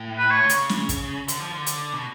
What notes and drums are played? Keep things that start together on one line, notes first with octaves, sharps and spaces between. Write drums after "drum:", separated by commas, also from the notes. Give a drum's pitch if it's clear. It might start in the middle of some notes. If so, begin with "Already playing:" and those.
Already playing: A2
B4
C#5
D3
C#3, drum: hi-hat
drum: snare
drum: kick, hi-hat
D3, drum: hi-hat
F3
D3
drum: hi-hat
B2